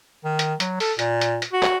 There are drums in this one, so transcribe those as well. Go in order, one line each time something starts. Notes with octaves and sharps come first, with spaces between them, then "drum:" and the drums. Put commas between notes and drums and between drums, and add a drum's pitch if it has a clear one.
D#3
drum: hi-hat
F#3, drum: hi-hat
A4, drum: open hi-hat
A#2, drum: hi-hat
drum: hi-hat
drum: hi-hat
F#4
drum: clap